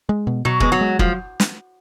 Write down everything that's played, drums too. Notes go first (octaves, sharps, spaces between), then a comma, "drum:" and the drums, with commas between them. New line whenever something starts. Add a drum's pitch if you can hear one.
G#3
B2
B2 F#3
G#3 B3, drum: kick
F#3
G#3
F3 F#3, drum: kick
drum: snare